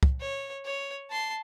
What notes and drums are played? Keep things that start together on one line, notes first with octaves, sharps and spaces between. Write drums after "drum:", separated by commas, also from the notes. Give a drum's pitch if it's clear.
drum: kick
C#5
C#5
A5 C6